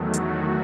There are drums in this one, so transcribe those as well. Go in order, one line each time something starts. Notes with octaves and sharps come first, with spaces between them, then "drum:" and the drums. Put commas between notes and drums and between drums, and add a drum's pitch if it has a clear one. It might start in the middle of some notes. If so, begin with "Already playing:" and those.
Already playing: E2 D#3 F#3 A3
F#4, drum: hi-hat